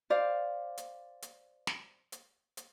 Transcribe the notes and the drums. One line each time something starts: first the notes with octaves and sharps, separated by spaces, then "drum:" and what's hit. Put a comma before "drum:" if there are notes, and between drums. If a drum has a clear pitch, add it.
C5 D5 F5
drum: hi-hat
drum: hi-hat
drum: snare
drum: hi-hat
drum: hi-hat